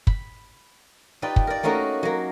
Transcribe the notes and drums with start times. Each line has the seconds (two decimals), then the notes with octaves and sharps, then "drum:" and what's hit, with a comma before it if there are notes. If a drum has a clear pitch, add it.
0.07 B5, drum: kick
1.22 D#4 F4 G4 B4 D5
1.36 drum: kick
1.47 A#4 D5
1.63 A3 A#3 C#4 D#4 F#4 A#4
2.03 F#3 A#3